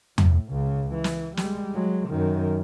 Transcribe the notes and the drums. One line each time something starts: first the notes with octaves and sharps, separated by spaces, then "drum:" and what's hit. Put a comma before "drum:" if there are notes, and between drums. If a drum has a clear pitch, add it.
A2, drum: tom E2
C#2 C#3
E3
drum: snare
G3 G#3, drum: snare
F#3 G#3
F#2 D#3